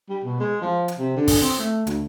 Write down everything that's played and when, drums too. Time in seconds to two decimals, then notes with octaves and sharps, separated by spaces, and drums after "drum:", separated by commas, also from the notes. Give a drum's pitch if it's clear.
0.10 G3
0.24 B2
0.40 G#3
0.61 F3
0.88 drum: hi-hat
0.99 C3
1.17 D3
1.28 drum: kick, open hi-hat
1.41 C4
1.58 A3
1.87 D2, drum: hi-hat